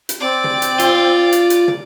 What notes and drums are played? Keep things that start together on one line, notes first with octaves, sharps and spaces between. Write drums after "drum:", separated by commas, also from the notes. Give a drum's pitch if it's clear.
drum: hi-hat
C4 D5
drum: tom
drum: hi-hat
F4, drum: hi-hat
drum: hi-hat
drum: hi-hat
drum: tom